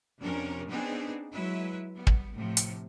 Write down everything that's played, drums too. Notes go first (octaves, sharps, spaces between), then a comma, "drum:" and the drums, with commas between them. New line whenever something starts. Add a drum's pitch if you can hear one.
F2 C3 F3 C#4 D4 A#4
B3 C4 D4 D#4 G#4 B4
F#3 G#3 E4 B4 E5
G3 B3
drum: kick
A2 C3 F3
drum: hi-hat